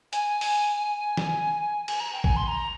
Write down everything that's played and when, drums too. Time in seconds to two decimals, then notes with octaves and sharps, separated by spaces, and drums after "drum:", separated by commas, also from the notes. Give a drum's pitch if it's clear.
0.13 G#5, drum: hi-hat
0.41 drum: open hi-hat
1.17 drum: snare
1.88 G#5, drum: cymbal
2.00 A#5
2.13 G5
2.24 G#5, drum: kick A1
2.36 C6
2.48 A#5